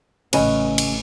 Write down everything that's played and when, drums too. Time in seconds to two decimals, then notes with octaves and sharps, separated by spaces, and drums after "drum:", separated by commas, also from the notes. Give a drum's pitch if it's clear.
0.33 A1 C#3 C#4 B4 D#5 G#5, drum: cymbal
0.78 drum: cymbal